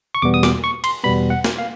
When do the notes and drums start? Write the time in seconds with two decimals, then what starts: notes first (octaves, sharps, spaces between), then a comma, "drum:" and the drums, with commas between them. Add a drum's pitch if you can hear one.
0.15 C#6
0.22 E2 B2 G3 B3 D6
0.34 D#6
0.43 D6, drum: snare
0.64 C#6
0.84 C6, drum: cymbal
1.04 E2 B2 G3 B3 B5
1.30 F#5
1.44 drum: snare
1.58 F5